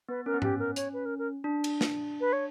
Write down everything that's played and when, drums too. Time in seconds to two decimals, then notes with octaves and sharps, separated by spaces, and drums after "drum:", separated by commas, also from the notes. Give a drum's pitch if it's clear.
0.09 B3 B4
0.26 C#4 A#4
0.34 B3
0.42 C#4 G4, drum: tom G#2
0.59 A#4
0.76 C#5, drum: hi-hat
0.93 B4
1.05 A#4
1.18 A#4
1.44 D4
1.64 drum: cymbal
1.81 drum: snare
2.20 B4
2.33 C#5